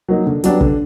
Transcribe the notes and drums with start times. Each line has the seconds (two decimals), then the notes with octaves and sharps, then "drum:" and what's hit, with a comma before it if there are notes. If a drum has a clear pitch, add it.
0.09 F#3 A#3 D#4
0.27 D3
0.44 F#3 B3 D4 G4, drum: hi-hat
0.61 D3, drum: kick